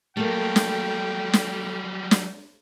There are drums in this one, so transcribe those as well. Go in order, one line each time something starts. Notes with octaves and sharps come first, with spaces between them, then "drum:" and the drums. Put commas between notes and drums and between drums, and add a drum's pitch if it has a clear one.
F#3 G3 A3 A#3 A4 G5
drum: snare
drum: snare
drum: snare